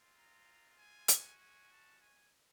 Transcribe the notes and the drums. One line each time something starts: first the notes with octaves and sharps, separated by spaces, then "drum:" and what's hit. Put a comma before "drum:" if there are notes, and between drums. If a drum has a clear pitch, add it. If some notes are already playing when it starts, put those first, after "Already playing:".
Already playing: G#3 C4 F4
A#5
G#5
G#3 C#4 F#4, drum: hi-hat
G#5
A5
G#5